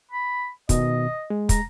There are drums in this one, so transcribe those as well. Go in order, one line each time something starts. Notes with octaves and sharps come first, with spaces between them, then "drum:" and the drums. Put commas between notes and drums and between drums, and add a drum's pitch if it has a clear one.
B5
B2 D#3 D#5, drum: kick, hi-hat
G#3
A#5, drum: kick, hi-hat